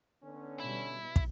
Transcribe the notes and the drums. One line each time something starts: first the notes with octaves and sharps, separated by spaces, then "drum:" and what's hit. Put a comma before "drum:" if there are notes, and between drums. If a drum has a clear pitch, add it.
D3 B3 C#4
B2 G3 E4
drum: kick